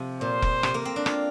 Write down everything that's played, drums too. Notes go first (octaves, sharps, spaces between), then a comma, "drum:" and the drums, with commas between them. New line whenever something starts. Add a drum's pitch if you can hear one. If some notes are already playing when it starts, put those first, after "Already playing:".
Already playing: C3 F3
A#2 C5
drum: kick F1
C3, drum: rim click
A#3
C4
D4
F4, drum: rim click